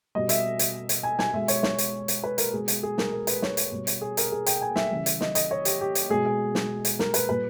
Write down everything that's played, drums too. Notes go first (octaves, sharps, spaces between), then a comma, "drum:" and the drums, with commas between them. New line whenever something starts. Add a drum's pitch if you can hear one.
B2 G3 D#5
E5, drum: hi-hat
drum: hi-hat
drum: hi-hat
G#5
G#5, drum: snare
B2 G#3 E5
C#5, drum: hi-hat
C#5, drum: snare
drum: hi-hat
drum: hi-hat
B4
A#4, drum: hi-hat
B2 G#3 G#4
drum: hi-hat
G#4
A#4, drum: snare
A#4
B4, drum: hi-hat
C#5, drum: snare
drum: hi-hat
B2 G3
drum: hi-hat
G#4
A#4, drum: hi-hat
G#4
G5, drum: hi-hat
G#5
E5, drum: snare
C#3 E3 G3
drum: hi-hat
D#5, drum: snare
D#5, drum: hi-hat
C#5
G4, drum: hi-hat
G4
drum: hi-hat
B2 G#3 G#4
G#4
drum: snare
drum: hi-hat
A#4, drum: snare
B4, drum: hi-hat
A#2 G3 B4